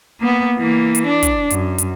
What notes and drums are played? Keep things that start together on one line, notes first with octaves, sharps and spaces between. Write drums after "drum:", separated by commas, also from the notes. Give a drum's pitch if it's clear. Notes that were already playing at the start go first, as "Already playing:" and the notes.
A#3 B3
E3 A#3
drum: hi-hat
D4
drum: kick, hi-hat
F#2, drum: hi-hat
drum: hi-hat